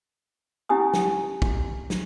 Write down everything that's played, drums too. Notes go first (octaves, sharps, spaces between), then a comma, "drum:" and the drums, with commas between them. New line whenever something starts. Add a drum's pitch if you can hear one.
C#4 E4 G4 G#5 D#6
drum: snare
drum: kick
drum: snare